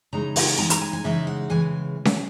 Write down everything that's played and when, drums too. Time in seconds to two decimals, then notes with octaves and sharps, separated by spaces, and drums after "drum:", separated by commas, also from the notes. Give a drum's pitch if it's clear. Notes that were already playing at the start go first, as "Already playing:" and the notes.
0.13 C#3 E3 G#3 D#4 A#5
0.36 G#5, drum: open hi-hat
0.58 C#3 E3 G#3 D#4 A#5
0.70 A#5, drum: hi-hat
0.81 G#5
0.93 G#5
1.04 C#3 E3 G#3 D#4 E5
1.27 F#5
1.50 C#3 E3 G#3 G#5
2.05 drum: snare C#4